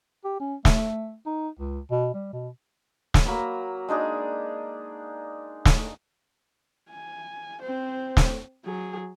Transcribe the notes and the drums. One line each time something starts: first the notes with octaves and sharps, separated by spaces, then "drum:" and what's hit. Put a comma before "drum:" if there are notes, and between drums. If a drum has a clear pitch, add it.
G4
C#4
A3, drum: snare
D#4
C#2
B2
G3
B2
drum: snare
F#3 A#3 A#5 B5
G#3 D4 D#4 G#4
drum: snare
G#5
C4 C5
drum: snare
F#3 G#4